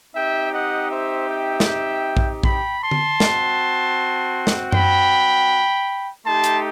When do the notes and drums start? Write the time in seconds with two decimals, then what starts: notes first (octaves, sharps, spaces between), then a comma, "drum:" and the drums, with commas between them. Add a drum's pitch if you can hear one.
0.14 C4 D#4 G4 E5 G5
0.52 D#5 F#5
0.91 C5 E5
1.29 E5 G5
1.60 drum: snare
2.17 drum: kick A#1
2.43 G5 B5, drum: kick A#1
2.82 A5 C6
2.91 drum: tom D3
3.20 C4 F#4, drum: snare
4.47 drum: snare
4.72 G5 B5, drum: tom F#2
6.26 A3 D#4 G4 A5 C6
6.44 drum: hi-hat